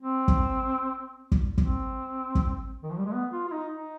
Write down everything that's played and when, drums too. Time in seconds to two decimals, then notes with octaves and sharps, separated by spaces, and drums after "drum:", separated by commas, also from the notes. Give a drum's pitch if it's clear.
0.02 C4
0.28 drum: kick
1.32 drum: kick
1.58 C4, drum: kick
2.35 drum: kick
2.83 D#3
2.90 F3
2.98 G3
3.06 G#3
3.13 B3
3.32 F4
3.48 F4
3.52 D#4
3.71 D#4